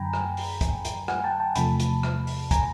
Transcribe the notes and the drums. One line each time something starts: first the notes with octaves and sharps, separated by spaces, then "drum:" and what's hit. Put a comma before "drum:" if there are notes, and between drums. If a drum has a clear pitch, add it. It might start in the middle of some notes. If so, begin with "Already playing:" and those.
Already playing: F#2 D3 F#3 G5 G#5 A#5 B5
drum: rim click
drum: open hi-hat
drum: kick, hi-hat
drum: hi-hat
F#5 G#5, drum: rim click
G5 A5
G5 A5
E2 C3 F3 A3 A5 B5, drum: hi-hat
drum: hi-hat
drum: rim click
drum: open hi-hat
G#5 A#5, drum: kick, hi-hat